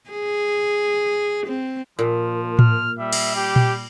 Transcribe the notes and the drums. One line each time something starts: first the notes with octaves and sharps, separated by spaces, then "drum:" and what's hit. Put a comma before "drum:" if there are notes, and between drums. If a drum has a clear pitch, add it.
G#4
C4
A#2 F3
F6, drum: tom A2
G3 E5
drum: cymbal
G4
drum: tom A#2